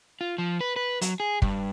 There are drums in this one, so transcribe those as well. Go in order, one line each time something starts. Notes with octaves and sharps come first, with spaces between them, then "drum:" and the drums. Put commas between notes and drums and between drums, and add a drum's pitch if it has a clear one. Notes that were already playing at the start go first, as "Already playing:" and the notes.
F4
F3
B4
B4
F#3, drum: hi-hat
G#4
G2, drum: kick